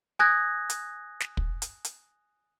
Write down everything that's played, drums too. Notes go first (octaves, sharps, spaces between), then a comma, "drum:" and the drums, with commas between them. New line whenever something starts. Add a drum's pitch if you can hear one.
G#5 D#6 F#6 G#6 A#6
drum: hi-hat
drum: snare
drum: kick
drum: hi-hat
drum: hi-hat